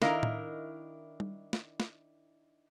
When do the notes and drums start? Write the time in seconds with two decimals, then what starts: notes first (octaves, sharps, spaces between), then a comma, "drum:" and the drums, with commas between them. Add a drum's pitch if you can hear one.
0.02 D#3 D4 E4 A#4 D#5 F5, drum: snare
0.23 drum: tom A2
1.20 drum: tom G3
1.53 drum: snare
1.80 drum: snare